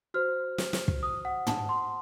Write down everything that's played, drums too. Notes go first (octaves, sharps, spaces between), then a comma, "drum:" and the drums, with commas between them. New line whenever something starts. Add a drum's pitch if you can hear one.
F#4 C5 F6
drum: snare
drum: snare
drum: kick
D#6
F#5
A5, drum: tom
C6